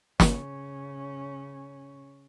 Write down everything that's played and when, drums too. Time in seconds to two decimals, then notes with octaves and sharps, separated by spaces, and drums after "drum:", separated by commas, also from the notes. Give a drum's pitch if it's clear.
0.20 C#3 C#4, drum: snare